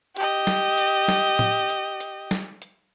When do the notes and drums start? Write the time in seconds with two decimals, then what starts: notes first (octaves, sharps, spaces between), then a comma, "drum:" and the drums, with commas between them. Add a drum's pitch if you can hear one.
0.16 G4 D#5, drum: hi-hat
0.47 drum: snare
0.78 drum: open hi-hat
1.08 drum: snare
1.39 drum: tom A2
1.70 drum: hi-hat
2.00 drum: hi-hat
2.31 drum: snare
2.62 drum: hi-hat